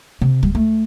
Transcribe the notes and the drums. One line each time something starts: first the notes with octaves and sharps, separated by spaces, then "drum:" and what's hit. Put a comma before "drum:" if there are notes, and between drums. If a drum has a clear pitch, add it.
C3
G3, drum: kick
A3